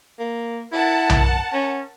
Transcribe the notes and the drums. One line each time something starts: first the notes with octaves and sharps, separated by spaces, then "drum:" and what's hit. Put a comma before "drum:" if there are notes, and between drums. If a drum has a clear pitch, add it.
A#3
E4 A#4 F#5 A5
drum: tom B1
C#4